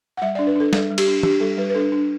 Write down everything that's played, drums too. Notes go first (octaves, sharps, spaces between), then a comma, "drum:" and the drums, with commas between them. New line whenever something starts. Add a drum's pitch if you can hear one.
F#5
G3 E5
D5
D4
B4
D4 A4
G3 A4, drum: snare
G3
G4, drum: cymbal
D4
D4 G4, drum: tom
G3 A4
G3 B4
B4
D4 A4
D4